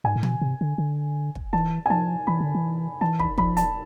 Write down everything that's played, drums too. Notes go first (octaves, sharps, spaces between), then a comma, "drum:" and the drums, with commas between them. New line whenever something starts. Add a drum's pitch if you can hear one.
G#2 G#5
A2
B2, drum: tom
C3
D3
D3
drum: kick
E3 A5
G#5
F3 A5
E3 B5
D3
E3
E3 A5
B5, drum: kick
F3 B5, drum: kick
A5, drum: hi-hat